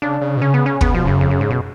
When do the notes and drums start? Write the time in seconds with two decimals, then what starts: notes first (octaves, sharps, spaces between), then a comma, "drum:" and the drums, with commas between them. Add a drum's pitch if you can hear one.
0.02 C#3 D4
0.21 C#3
0.37 B2
0.41 C#3 C#4
0.54 B3
0.66 C#4
0.81 C#3 B3, drum: kick
0.92 B2 F3
1.05 F#2 C#3
1.21 F2
1.31 F#2
1.41 G#2
1.51 B2